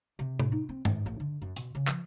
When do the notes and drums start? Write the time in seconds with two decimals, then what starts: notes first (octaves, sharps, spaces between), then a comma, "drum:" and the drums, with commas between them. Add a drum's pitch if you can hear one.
0.19 C3
0.39 A2, drum: tom C3
0.52 D#4
0.69 C4
0.85 G#2, drum: tom G2
1.06 A1
1.20 D3
1.42 F#2
1.56 B2, drum: hi-hat
1.75 C#3
1.87 F3, drum: clap